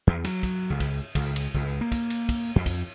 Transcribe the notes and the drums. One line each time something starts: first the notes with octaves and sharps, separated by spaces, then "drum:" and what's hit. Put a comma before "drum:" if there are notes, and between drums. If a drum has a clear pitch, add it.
E2
F#3, drum: cymbal
drum: kick, cymbal
C#2
drum: kick, cymbal
C#2, drum: kick, cymbal
drum: cymbal
C#2, drum: kick
A#3
drum: kick, cymbal
drum: cymbal
drum: kick, cymbal
F2
drum: kick, cymbal